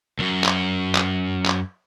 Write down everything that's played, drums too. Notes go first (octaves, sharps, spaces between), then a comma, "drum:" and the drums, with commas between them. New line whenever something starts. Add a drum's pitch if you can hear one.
C#2 F#2
drum: clap
drum: clap
drum: clap